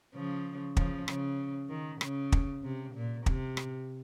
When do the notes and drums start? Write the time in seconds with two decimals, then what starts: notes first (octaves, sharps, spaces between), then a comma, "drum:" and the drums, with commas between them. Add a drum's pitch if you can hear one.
0.14 C#3 F3
0.77 C#3 F3, drum: kick
1.08 C#3, drum: rim click
1.70 D#3
2.01 C#3, drum: rim click
2.32 drum: kick
2.64 C3
2.94 A#2
3.26 C3, drum: kick
3.57 drum: rim click